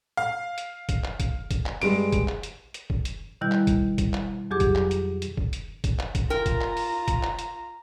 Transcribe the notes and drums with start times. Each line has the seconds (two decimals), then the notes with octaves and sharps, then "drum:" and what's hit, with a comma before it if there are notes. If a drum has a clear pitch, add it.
0.17 F5
0.58 drum: hi-hat
0.89 drum: kick, hi-hat
1.04 drum: clap
1.20 drum: kick, hi-hat
1.51 drum: kick, hi-hat
1.66 drum: clap
1.82 G2 G3 G#3 D7, drum: open hi-hat
2.12 drum: kick, hi-hat
2.28 drum: clap
2.43 drum: hi-hat
2.74 drum: hi-hat
2.90 drum: kick
3.05 drum: hi-hat
3.41 B2 D#3 G3 E4 G6
3.52 drum: clap
3.67 drum: kick, hi-hat
3.98 drum: kick, hi-hat
4.14 drum: clap
4.51 F2 F#3 G4 G#4 D6
4.60 drum: kick, hi-hat
4.76 drum: clap
4.91 drum: hi-hat
5.22 drum: hi-hat
5.37 drum: kick
5.53 drum: hi-hat
5.84 drum: kick, hi-hat
5.99 drum: clap
6.15 drum: kick, hi-hat
6.30 F4 A#4 G5 A#5
6.46 drum: kick, hi-hat
6.61 drum: clap
6.77 drum: open hi-hat
7.08 drum: kick, hi-hat
7.23 drum: clap
7.39 drum: hi-hat